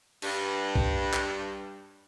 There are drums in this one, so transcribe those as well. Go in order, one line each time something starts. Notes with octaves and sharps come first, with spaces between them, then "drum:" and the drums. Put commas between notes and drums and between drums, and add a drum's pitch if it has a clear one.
G2, drum: cymbal
drum: kick B1
drum: clap